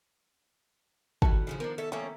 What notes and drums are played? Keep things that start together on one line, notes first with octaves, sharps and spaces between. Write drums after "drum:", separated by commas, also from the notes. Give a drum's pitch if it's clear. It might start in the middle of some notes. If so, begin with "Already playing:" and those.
A2 D#3 G3 D#4 F#4 E5 A5, drum: kick
C#3 E3 F3
F3 B3 D4 A#4
C#4 A4 E5
F3 G3 A3 A#3 C#4 A#4 E5